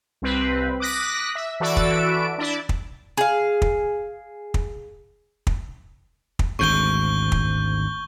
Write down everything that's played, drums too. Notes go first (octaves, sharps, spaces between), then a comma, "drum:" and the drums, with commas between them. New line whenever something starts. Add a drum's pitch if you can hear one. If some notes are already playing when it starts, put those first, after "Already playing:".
C2 C4 B4
D6 D#6 F#6 A#6 B6
E5
E3 F#4 A4 D5 E5 D7
drum: kick
D4 E4 D5
drum: kick
G#4 F5
drum: kick
drum: kick
drum: kick
drum: kick
G#1 D2 G#2 C#6 G6 G7
drum: kick